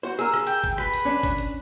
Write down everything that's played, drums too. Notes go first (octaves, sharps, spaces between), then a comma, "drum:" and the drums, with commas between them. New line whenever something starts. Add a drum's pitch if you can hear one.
F#4 C5
G#4 A#4 E6, drum: hi-hat
drum: rim click
G5, drum: hi-hat
drum: kick, hi-hat
B4, drum: rim click
drum: hi-hat
C#4 D4
drum: kick, hi-hat
drum: hi-hat